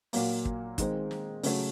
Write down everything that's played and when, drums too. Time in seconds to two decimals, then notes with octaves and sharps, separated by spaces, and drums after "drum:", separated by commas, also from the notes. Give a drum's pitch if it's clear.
0.13 A#2 F#3 A#3, drum: open hi-hat
0.45 drum: kick
0.78 D#3 G#3 C4, drum: kick, hi-hat
1.11 drum: snare
1.43 C#3 F#3 A3 C#4, drum: open hi-hat